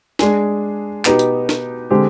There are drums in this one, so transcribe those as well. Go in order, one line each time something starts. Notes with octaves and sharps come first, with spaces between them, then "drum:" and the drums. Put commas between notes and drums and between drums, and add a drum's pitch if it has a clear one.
G#3 D4 G#4, drum: snare
B2 B3 D#4 G4, drum: clap
drum: hi-hat
drum: snare
D3 G#3 C4 G4